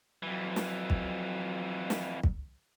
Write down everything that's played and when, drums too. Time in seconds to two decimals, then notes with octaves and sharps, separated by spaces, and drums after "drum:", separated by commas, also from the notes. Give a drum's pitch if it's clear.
0.23 F2 E3 F#3
0.56 drum: snare
0.90 drum: kick
1.90 drum: snare
2.23 drum: kick